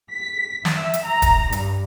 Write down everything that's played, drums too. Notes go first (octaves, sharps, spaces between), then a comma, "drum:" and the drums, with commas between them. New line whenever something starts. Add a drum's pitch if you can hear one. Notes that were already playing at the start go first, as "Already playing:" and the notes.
B6
E5, drum: snare
drum: hi-hat
A#5
drum: kick, hi-hat
G2, drum: hi-hat